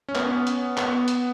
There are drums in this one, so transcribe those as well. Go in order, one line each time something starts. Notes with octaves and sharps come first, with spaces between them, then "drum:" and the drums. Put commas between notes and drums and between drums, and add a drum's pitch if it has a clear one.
C#4
B3, drum: clap
C#4
drum: hi-hat
B3, drum: clap
drum: hi-hat